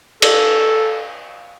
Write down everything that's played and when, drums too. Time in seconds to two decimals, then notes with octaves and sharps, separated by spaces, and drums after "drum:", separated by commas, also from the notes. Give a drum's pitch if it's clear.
0.22 A4, drum: cymbal